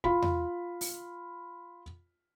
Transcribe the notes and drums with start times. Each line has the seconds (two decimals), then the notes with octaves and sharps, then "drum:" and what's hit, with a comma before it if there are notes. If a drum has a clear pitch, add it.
0.04 F4 B5, drum: kick
0.22 drum: tom E2
0.81 drum: open hi-hat